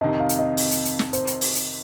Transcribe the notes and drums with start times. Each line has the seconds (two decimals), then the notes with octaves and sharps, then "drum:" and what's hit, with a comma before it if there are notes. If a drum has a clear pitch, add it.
0.01 F2 C3 D#3 D#5
0.20 F5
0.29 drum: hi-hat
0.39 D#5
0.57 drum: open hi-hat
0.71 drum: hi-hat
0.85 drum: hi-hat
0.99 drum: snare
1.13 C5, drum: hi-hat
1.27 drum: hi-hat
1.41 drum: open hi-hat
1.55 drum: hi-hat